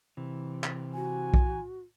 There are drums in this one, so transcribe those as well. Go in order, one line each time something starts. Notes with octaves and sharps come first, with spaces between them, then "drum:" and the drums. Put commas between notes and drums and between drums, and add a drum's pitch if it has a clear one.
C3 E3
drum: clap
F#4 G#5
drum: kick B1